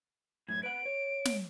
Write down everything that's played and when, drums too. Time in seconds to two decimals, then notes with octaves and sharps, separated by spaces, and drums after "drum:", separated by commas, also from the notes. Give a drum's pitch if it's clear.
0.49 F#2 A2 G#6
0.63 B4 F#5 D7
0.85 C#5
1.25 drum: snare